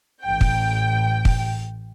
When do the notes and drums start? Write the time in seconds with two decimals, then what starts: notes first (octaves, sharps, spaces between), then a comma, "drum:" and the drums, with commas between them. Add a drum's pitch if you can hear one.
0.24 A1 G5
0.41 drum: kick
1.25 drum: kick